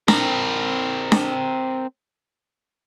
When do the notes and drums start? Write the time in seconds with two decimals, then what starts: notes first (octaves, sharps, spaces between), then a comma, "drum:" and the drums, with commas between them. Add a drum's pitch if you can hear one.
0.08 C4 A#4, drum: snare D4
1.12 drum: snare D4